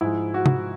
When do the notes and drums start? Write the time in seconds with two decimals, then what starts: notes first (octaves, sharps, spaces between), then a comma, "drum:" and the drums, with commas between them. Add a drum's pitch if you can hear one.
0.01 G#2 F3 G#3 E4
0.34 F#4
0.46 drum: tom C3